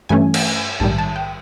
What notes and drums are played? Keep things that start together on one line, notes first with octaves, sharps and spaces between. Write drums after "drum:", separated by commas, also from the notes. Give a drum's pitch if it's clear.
G2 E3 A3 C#4 G#5
drum: cymbal
A#1 G#2 D#3 G3 A5
A5
G5